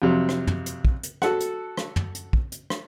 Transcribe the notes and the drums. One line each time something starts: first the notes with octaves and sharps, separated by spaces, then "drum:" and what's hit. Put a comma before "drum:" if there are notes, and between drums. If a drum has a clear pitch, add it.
F2 C3 F#3
drum: rim click
drum: tom
drum: hi-hat
drum: kick
drum: hi-hat
F#4 A4 F#5, drum: rim click
drum: hi-hat
drum: rim click
drum: tom
drum: hi-hat
drum: kick
drum: hi-hat
drum: rim click